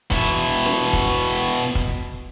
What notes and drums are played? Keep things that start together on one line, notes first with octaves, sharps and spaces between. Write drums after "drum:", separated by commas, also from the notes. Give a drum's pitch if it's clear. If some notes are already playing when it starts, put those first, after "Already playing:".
B2 E4, drum: kick
drum: snare C#4
drum: kick
drum: kick